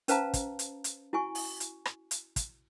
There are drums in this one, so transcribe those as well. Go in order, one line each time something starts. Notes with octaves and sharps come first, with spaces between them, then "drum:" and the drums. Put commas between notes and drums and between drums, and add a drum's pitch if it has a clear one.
C#4 B4 C5 F5 A5 A#5, drum: hi-hat
drum: kick, hi-hat
drum: hi-hat
drum: hi-hat
E4 F#4 G#5 C#6
drum: open hi-hat
drum: hi-hat
drum: rim click
drum: hi-hat
drum: kick, hi-hat